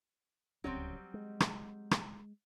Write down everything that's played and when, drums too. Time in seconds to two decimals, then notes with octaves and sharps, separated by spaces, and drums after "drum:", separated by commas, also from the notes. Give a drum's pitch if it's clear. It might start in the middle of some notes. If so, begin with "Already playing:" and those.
0.64 D1 C#2 F#3 G3 C4 C#4
1.14 G#3
1.40 drum: rim click
1.91 drum: rim click